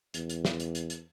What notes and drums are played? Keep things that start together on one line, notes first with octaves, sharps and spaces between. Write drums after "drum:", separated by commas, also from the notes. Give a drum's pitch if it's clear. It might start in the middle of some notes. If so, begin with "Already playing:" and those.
E2, drum: hi-hat
drum: hi-hat
drum: snare
drum: hi-hat
drum: hi-hat
drum: hi-hat